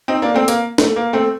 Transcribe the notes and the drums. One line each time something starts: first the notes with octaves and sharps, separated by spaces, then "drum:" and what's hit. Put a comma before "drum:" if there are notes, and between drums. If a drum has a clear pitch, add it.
C4 D#4
A#3 D4
A3 C4
A#3, drum: hi-hat
A3, drum: snare
A#3
A3 C4